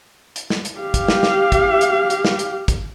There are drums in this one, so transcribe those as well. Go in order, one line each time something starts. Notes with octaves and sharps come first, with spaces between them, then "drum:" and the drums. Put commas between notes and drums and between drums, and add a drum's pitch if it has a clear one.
drum: hi-hat
drum: snare
drum: hi-hat
G4 F5
drum: kick, hi-hat
drum: snare
drum: snare
drum: kick, hi-hat
drum: hi-hat
drum: hi-hat
drum: snare
drum: hi-hat
drum: kick, hi-hat